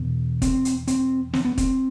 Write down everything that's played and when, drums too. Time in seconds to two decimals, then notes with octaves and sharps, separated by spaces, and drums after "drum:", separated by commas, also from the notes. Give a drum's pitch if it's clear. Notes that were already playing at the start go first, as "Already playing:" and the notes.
Already playing: E2 B2
0.42 C4, drum: kick, hi-hat
0.65 drum: hi-hat
0.87 C4, drum: hi-hat
1.33 C4, drum: snare
1.45 B3
1.58 C4, drum: kick, hi-hat